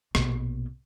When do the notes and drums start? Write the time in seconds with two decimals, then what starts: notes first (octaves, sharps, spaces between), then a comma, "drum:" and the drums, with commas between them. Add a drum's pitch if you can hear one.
0.15 A#1 B2, drum: rim click